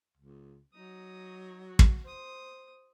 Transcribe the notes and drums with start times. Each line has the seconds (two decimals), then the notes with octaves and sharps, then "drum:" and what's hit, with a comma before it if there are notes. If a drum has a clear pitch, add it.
0.17 C#2
0.73 F#3 D#4 D#6
1.68 F#4
1.79 drum: kick
2.03 C5 D#6